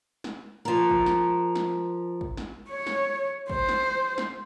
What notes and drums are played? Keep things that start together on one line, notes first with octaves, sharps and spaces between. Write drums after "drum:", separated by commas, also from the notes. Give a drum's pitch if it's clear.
drum: snare
F3 A#4
drum: kick
drum: snare
drum: snare
drum: kick
drum: snare
C#5
drum: snare
C5, drum: kick
drum: snare
drum: snare